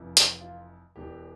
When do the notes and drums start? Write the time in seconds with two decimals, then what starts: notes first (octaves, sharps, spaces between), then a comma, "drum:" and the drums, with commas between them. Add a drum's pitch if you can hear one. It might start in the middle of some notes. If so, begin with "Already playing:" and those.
Already playing: F1 F2 E3
0.17 drum: hi-hat
0.41 F4
0.96 E1 E2 E3 G4